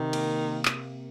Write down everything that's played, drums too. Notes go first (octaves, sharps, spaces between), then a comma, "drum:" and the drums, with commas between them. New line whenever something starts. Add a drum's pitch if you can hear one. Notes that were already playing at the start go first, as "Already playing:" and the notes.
Already playing: C3 D#3
A#3, drum: cymbal
drum: clap